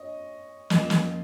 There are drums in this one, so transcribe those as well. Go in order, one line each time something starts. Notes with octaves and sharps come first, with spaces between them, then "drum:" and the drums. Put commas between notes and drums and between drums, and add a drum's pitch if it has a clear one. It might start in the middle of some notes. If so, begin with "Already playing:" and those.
Already playing: C#5 D#5
F2 F3 A#3 C#4 F4 D#5, drum: snare
drum: snare